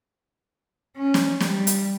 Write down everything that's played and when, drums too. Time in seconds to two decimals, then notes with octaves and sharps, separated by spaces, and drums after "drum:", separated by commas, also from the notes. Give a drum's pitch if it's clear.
0.96 C#4
1.14 drum: snare
1.40 G3, drum: snare
1.67 drum: hi-hat